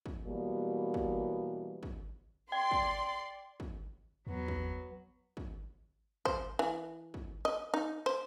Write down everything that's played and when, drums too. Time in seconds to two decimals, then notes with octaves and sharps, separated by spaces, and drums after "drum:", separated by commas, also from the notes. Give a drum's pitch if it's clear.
0.06 drum: kick
0.24 B2 E3 F#3 G3 A#3 B3
0.94 drum: kick
1.83 drum: kick
2.52 D5 G5 C6
2.71 drum: kick
3.60 drum: kick
4.27 E2 F#3 B3
4.48 drum: kick
5.37 drum: kick
6.25 C5, drum: kick
6.59 E3
7.14 drum: kick
7.45 D#5
7.74 D#4
8.06 C5